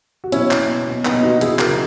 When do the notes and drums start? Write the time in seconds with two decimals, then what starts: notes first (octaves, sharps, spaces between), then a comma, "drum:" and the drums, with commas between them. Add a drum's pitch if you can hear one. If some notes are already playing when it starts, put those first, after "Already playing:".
0.24 F#4
0.32 B2 C#4 E4, drum: hi-hat
0.51 drum: clap
0.61 B2
0.88 B2
1.05 B3 D#4, drum: clap
1.14 B2
1.23 D#4 F#4
1.41 C#3 E4 G#4, drum: hi-hat
1.59 F#4 A#4, drum: clap
1.69 C#3